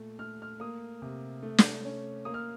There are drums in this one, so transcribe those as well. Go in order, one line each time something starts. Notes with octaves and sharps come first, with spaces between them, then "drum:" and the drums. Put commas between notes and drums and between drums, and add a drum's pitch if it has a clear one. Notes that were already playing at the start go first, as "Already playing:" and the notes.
Already playing: A#2 A3
A3 F6
F6
A#3 D#6
C3
A3
drum: snare
C#4
A#3 D#6
F6